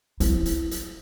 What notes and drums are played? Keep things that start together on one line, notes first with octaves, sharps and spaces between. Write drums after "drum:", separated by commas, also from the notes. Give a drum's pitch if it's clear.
E4, drum: hi-hat
drum: hi-hat
drum: hi-hat